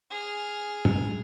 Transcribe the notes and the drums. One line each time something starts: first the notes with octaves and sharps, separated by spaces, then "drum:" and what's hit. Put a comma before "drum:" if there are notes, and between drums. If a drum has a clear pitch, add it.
G#4 F6
drum: tom